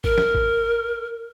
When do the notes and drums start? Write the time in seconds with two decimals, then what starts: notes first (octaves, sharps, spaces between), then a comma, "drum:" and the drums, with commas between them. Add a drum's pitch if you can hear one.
0.04 A#4, drum: kick G#1
0.18 drum: snare
0.35 drum: kick G#1